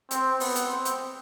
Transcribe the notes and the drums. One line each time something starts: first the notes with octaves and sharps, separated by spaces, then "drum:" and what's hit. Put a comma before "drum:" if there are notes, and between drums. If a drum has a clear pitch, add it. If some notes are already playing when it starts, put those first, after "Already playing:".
C4, drum: hi-hat
B3, drum: open hi-hat
drum: hi-hat
C4
drum: hi-hat